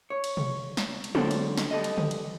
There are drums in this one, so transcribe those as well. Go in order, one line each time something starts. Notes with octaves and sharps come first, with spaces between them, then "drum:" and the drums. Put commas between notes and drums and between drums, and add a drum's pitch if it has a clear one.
C#5
drum: cymbal
drum: tom B2
drum: snare
drum: cymbal
D3 F#3 G#3 D4 A4 C5, drum: tom
drum: cymbal
drum: snare
G3 A4 D#5
drum: cymbal
drum: tom C#3
drum: cymbal